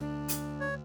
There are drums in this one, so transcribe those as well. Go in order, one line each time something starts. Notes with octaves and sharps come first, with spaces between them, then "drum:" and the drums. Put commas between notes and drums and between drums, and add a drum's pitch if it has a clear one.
D2 D4
drum: hi-hat
C#5